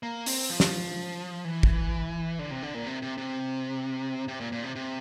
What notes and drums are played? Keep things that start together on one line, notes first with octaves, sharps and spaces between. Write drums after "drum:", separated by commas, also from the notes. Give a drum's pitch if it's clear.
A#3
C4, drum: open hi-hat
F3
drum: snare
E3
drum: kick
D3
C3
D3
A#2
C3
C3
C3
C3
A#2
A#2
C3
C3